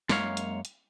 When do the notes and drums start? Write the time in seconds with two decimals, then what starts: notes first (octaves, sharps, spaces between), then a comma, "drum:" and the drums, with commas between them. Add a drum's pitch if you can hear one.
0.09 F#2 G#3 A#3 C#5 F5, drum: snare
0.37 drum: hi-hat
0.65 drum: hi-hat